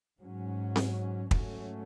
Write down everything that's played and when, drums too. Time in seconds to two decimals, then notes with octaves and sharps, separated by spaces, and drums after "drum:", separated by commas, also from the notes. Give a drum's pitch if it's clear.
0.20 G#2 F#3 C#4
0.76 drum: snare C4
1.31 G#2 F#3 A3 C#4, drum: kick